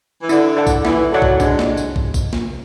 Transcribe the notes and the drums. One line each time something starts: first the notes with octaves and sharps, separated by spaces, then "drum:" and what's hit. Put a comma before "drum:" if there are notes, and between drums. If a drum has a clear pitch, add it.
E3
D3 E4, drum: tambourine
A4 D5 F#5
drum: kick, tambourine
E3 E4, drum: snare
F#3 A4 D5 F#5
drum: kick
G#3 D4, drum: kick, tambourine
drum: snare
drum: tambourine
drum: kick
drum: kick, tambourine
drum: snare